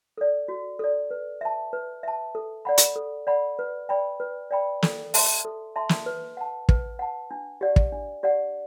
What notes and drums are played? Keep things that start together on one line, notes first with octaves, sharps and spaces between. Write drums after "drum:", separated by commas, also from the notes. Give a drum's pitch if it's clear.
A4 D5
F#4
A4 D5
B4
E5 A5
B4
E5 A5
A4
D5 F#5 B5
drum: hi-hat
A4
D5 F#5 B5
B4
D5 G5 B5
B4
D5 G5 B5
A4, drum: snare
E5 A5 C6, drum: open hi-hat
A4
E5 A5 C6
drum: snare
B4
F#5 A5
B4, drum: kick
F#5 A5
D4
G4 D5 F#5
drum: kick
D4
G4 D5 F#5